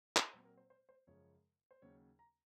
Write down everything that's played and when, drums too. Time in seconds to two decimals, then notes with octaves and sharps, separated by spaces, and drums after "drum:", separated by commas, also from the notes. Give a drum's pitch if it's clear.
0.16 drum: clap
0.33 A#2 F#3 C4 C5
0.45 A#4
0.57 C5
0.70 C5
0.89 C5
1.07 F#2 C#3 F3 G#3 C#5
1.71 C5
1.82 D#2 C#3 F#3 C#4 C#5
2.19 A#5